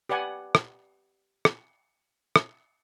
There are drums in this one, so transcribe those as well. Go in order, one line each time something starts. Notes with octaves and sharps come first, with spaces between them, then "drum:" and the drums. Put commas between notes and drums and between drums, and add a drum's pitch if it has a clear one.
G4 B4 D5 F#5 G#5
drum: rim click
drum: rim click
drum: rim click